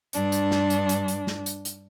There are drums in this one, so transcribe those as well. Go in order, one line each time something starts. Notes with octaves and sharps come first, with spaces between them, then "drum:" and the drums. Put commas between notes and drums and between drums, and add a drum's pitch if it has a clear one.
G2 D4, drum: hi-hat
drum: hi-hat
drum: snare
drum: hi-hat
drum: hi-hat
drum: hi-hat
drum: snare
drum: hi-hat
drum: hi-hat